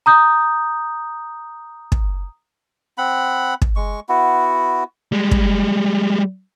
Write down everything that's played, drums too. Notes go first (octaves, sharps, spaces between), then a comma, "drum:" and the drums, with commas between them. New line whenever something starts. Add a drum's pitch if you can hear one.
A#5 D#6 G6
drum: kick
C4 F#5 B5
drum: kick
G#3 C#6
B3 E4 F#4
G3 G#3
drum: kick